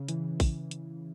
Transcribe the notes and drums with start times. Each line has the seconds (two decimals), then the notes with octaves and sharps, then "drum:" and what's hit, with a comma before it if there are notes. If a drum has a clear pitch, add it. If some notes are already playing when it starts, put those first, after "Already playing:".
Already playing: C#3
0.08 E3, drum: hi-hat
0.40 drum: kick A#1, open hi-hat
0.71 drum: hi-hat